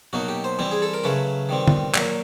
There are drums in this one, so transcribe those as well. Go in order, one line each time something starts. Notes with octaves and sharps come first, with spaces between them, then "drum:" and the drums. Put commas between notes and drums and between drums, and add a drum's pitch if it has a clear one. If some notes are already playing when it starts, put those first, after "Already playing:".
B2 F#3 A#3 D#4 F#4
G4
C5
E3 G3 C4 E4
G#4
A4
A#4
C#3 F#3 A3 C#4 B4
D#3 G3 C4
drum: tom
A#2 F#3 A#3 A#4, drum: clap